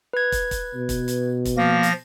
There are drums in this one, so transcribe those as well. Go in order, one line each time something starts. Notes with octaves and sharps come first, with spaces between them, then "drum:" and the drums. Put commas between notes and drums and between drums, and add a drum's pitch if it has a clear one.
B4 G#6
drum: kick, hi-hat
drum: kick, hi-hat
B2
drum: kick, hi-hat
drum: hi-hat
drum: kick, hi-hat
F3 A#3 A#6
drum: hi-hat